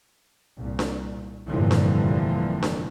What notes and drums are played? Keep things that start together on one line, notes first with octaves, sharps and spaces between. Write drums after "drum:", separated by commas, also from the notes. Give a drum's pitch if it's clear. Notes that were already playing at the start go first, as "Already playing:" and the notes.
C2 A#2
drum: snare D4
F1 G2 A#2 D3 E3 F3
drum: snare D4
drum: snare D4